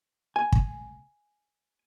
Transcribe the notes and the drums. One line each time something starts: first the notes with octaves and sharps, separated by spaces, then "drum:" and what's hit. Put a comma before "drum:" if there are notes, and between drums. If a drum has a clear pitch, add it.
G#5
drum: kick